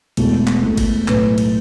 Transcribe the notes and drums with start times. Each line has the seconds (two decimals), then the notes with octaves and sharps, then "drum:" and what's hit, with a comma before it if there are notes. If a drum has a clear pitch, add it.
0.17 E1 E2 B2 A3, drum: cymbal
0.47 drum: clap
0.63 E2 B2 A3
0.77 drum: kick G1, cymbal
1.08 B1 A2 A3 B4, drum: clap
1.38 drum: cymbal